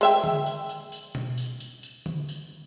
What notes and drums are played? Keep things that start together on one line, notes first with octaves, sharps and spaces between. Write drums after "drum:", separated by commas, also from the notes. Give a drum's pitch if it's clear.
G#3 E5 G5
drum: tom D3
drum: tambourine
drum: tambourine
drum: tambourine
drum: tom B2
drum: tambourine
drum: tambourine
drum: tambourine
drum: tom D3
drum: tambourine